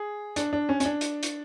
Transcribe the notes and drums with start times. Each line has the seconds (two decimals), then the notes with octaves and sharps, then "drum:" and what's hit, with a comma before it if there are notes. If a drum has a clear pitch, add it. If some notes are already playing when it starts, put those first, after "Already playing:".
Already playing: G#4
0.36 D4, drum: hi-hat
0.53 D4
0.69 C#4
0.80 C#4, drum: hi-hat
0.85 D4
1.01 drum: hi-hat
1.23 drum: hi-hat